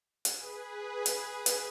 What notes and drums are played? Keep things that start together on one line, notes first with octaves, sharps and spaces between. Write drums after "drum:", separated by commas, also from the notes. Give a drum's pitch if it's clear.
G#4 B4, drum: hi-hat
drum: hi-hat
drum: hi-hat